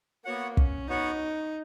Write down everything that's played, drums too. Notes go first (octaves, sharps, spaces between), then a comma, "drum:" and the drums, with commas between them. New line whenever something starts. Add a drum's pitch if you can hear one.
A#3 B3 F#4 C#5 F#5
C#4, drum: kick
B3 D#4 F#4 C#5 F#5